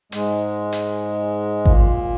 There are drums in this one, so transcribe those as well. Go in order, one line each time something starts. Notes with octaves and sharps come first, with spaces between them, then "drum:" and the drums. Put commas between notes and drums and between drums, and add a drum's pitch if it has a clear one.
G#2 G#3, drum: hi-hat
drum: hi-hat
A#2 A#3, drum: kick G#1